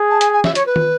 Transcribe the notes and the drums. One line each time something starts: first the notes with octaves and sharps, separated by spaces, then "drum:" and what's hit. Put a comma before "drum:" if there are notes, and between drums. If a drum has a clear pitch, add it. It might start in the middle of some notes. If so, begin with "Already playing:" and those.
Already playing: G#4
A5
G#5, drum: hi-hat
G#5
E5, drum: snare
C#5, drum: hi-hat
B4
drum: tom